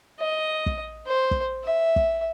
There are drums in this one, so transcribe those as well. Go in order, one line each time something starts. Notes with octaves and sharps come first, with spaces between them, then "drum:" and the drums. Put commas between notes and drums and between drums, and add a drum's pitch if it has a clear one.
D#5
drum: kick
C5
drum: kick
E5
drum: kick